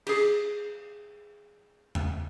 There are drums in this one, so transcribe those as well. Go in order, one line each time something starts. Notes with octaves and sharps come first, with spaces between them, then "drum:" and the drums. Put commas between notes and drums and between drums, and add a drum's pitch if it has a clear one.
G4 G#4, drum: cymbal
drum: tom E2